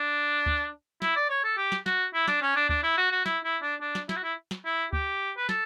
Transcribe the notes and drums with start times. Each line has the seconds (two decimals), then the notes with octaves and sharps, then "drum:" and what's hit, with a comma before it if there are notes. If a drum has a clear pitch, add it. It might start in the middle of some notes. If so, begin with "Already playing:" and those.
Already playing: D4
0.46 drum: kick D2
1.02 E4, drum: snare
1.16 D5
1.29 C#5
1.44 A4
1.57 G4
1.72 drum: snare
1.86 F#4, drum: snare
2.14 E4
2.28 D4, drum: snare
2.42 C#4
2.56 D4
2.69 D4, drum: kick D2
2.83 E4
2.97 F#4
3.12 F#4
3.26 E4, drum: snare
3.44 E4
3.62 D4
3.81 D4
3.95 drum: snare
4.09 E4, drum: snare
4.16 F#4
4.24 E4
4.51 drum: snare
4.65 E4
4.93 G4, drum: kick D2
5.37 B4
5.49 A4, drum: snare